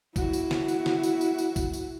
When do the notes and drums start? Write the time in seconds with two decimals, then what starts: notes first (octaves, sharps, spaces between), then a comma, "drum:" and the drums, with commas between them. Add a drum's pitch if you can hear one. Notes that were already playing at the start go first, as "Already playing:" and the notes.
0.16 E4 F#4, drum: kick, tambourine
0.33 drum: tambourine
0.51 drum: snare
0.68 drum: tambourine
0.86 drum: snare
1.03 drum: tambourine
1.21 drum: tambourine
1.38 drum: tambourine
1.56 drum: kick, tambourine
1.73 drum: tambourine